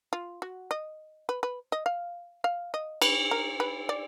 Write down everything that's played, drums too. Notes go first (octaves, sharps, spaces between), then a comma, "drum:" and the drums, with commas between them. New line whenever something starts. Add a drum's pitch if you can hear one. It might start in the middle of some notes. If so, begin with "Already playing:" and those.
F4
F#4
D#5
B4
B4
D#5
F5
F5
D#5
B4, drum: cymbal
A#4
B4
D5